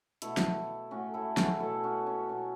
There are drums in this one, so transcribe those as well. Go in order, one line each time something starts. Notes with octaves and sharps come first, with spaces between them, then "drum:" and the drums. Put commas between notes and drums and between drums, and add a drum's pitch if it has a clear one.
B2 A3 E4 A4, drum: hi-hat
drum: snare
A2 A3 C#4 F#4
E4 A4
C#4 F#4, drum: snare
B2 F#3 A3 E4 A4
C#4 F#4
C#4
B2 F#3 A3 C#4